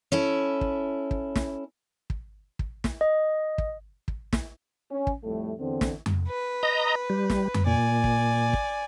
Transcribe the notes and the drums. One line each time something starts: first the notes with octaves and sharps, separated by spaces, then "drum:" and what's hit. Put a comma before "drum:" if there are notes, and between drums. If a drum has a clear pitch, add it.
C#4 E4 A4
drum: kick
drum: kick
drum: snare
drum: kick
drum: kick
drum: snare
D#5
drum: kick
drum: kick
drum: snare
C#4
drum: kick
F2 A2 G3 A3
E2 D3 C4
drum: snare
drum: tom F2
B4
D#5 A#5
G3
drum: snare
drum: tom F2
A#2 D5 G#5
drum: kick
drum: kick